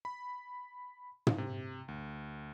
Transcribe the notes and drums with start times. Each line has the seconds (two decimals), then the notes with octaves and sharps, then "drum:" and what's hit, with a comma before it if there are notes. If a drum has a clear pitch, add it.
0.05 B5
1.27 drum: tom
1.38 C3
1.88 D2